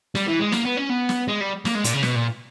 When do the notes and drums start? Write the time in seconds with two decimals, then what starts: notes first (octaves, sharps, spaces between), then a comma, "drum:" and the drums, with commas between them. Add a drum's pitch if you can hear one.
0.15 G3, drum: snare
0.28 E3
0.40 G#3
0.52 A#3, drum: snare
0.65 B3
0.77 C#4
0.90 B3
1.09 drum: snare
1.28 G#3
1.40 G3
1.65 A#3, drum: snare
1.75 G#3
1.84 A#2, drum: hi-hat
1.93 C#3
2.03 B2, drum: snare
2.15 A#2